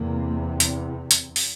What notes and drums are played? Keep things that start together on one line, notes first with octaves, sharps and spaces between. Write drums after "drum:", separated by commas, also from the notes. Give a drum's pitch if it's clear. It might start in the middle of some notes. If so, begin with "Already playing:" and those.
Already playing: E2 C3 A#3
drum: hi-hat
drum: hi-hat
drum: open hi-hat